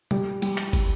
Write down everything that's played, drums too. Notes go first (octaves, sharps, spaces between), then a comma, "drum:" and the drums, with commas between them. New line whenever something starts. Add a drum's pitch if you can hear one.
G3, drum: tom B2
G3, drum: cymbal
drum: clap
drum: kick, cymbal